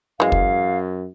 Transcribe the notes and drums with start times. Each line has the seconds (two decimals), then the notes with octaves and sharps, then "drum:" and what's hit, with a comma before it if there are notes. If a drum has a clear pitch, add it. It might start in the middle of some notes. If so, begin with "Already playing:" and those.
0.20 F#2 E3 G#3 F5
0.32 drum: kick